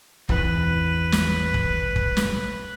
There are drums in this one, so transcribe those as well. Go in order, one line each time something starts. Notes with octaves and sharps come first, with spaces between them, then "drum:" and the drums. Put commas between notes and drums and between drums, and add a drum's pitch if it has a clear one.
G#1 E2 B4, drum: kick
drum: snare
drum: kick
drum: kick
drum: snare